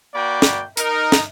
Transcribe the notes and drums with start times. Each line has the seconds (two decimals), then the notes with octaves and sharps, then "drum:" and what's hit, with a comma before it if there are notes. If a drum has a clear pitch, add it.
0.14 A#3 F#4 D5 G5 B5
0.42 drum: snare
0.77 D#4 A#4, drum: hi-hat
1.12 drum: snare